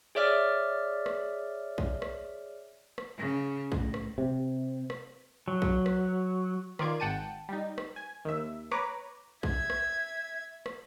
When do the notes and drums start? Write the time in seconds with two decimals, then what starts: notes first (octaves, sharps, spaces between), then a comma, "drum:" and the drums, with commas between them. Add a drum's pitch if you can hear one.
0.15 G#4 C#5 D5 E5 F6
1.06 drum: rim click
1.78 drum: kick A#1
2.02 drum: rim click
2.98 drum: rim click
3.17 C#3
3.72 A2, drum: kick A#1
3.94 drum: rim click
4.18 C3
4.90 drum: rim click
5.48 F#3
5.62 drum: kick A#1
5.86 drum: rim click
6.79 D#3 F4 D5 D6 G#6, drum: rim click
7.00 G#1 F#5 G5 A5 D#7
7.49 G3 D#4
7.78 drum: rim click
7.96 G#5
8.25 D#2 E5
8.71 B4 C#5 A#5 D6, drum: rim click
9.43 E5 G#6, drum: kick A#1
9.70 drum: rim click
10.66 drum: rim click